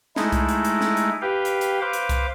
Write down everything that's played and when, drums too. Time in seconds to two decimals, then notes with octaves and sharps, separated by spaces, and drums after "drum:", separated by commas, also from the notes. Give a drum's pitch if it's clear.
0.16 G#3 A3 D#4 E4, drum: snare
0.32 drum: kick C2, hi-hat
0.49 drum: hi-hat
0.65 drum: hi-hat
0.81 drum: snare
0.97 drum: hi-hat
1.21 G4 B4 F5 G5
1.45 drum: hi-hat
1.61 drum: hi-hat
1.81 B4 C5 F5 D6
1.93 drum: hi-hat
2.09 drum: kick C2, hi-hat